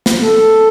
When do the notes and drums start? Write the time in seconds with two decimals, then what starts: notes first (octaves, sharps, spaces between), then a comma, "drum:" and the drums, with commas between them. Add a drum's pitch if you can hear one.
0.06 drum: snare
0.21 A4